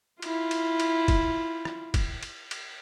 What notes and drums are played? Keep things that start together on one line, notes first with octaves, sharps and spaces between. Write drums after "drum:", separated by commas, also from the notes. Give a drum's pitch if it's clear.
E4 F4, drum: cymbal
drum: cymbal
drum: cymbal
drum: kick, cymbal
drum: rim click
drum: kick, cymbal
drum: cymbal
drum: cymbal